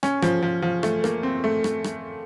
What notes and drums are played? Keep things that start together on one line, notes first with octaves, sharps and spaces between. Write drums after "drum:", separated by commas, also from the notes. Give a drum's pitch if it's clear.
C#4, drum: rim click
F3, drum: rim click
F3
F3
A3, drum: rim click
A#3, drum: rim click
C4
A3
drum: rim click
drum: rim click